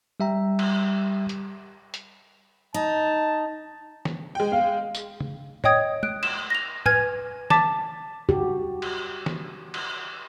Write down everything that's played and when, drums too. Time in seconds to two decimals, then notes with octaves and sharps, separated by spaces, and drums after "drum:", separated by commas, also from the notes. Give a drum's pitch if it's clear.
0.20 G3 G4 E5 G5 A#5
0.59 drum: cymbal
1.29 drum: hi-hat
1.94 drum: hi-hat
2.74 D#4 A5
4.05 drum: snare
4.35 G#3 G5
4.52 F5
4.95 drum: tambourine
5.20 drum: tom
5.64 C#5 D#5 G5 D#6 G#6, drum: tom
6.03 F#6 D7, drum: tom
6.23 E7, drum: cymbal
6.50 A#6 F7
6.86 B4 G#5 F6 G#6, drum: tom
7.50 A5 D6 A6 B6, drum: snare
8.29 F#4 G4, drum: tom
8.82 drum: cymbal
9.26 drum: snare
9.74 drum: cymbal